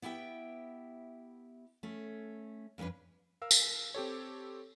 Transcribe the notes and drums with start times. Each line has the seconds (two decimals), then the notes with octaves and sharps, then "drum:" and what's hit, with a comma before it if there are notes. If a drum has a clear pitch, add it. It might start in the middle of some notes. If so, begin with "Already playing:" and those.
0.02 B3 E4 G4 E5 G5
1.83 A3 C#4
2.78 F2 A3 C#4 D4 B4
3.42 A#4 F5 E6
3.51 drum: tambourine
3.94 C4 G4 A4 C#5